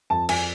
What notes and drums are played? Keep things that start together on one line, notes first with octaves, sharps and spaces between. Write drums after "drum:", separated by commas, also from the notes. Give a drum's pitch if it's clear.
F2 A5
F2 G#5, drum: cymbal